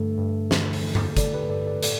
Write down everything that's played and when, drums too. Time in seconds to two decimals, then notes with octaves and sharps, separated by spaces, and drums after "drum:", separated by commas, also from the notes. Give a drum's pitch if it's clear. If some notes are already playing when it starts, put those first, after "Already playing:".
Already playing: G2 D3 A3 A4
0.18 G2
0.51 D3, drum: snare
0.73 drum: open hi-hat
0.83 A3
0.95 drum: tom G2
1.17 G2 A4 D5, drum: kick, hi-hat
1.33 G4 B4
1.50 G2 A4 D5
1.66 A4 D5
1.83 A2 A4 D5, drum: hi-hat